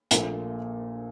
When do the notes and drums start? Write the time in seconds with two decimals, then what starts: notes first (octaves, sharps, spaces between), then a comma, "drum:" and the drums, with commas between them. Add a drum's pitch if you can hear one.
0.11 A#1 A#2 F3 A3, drum: hi-hat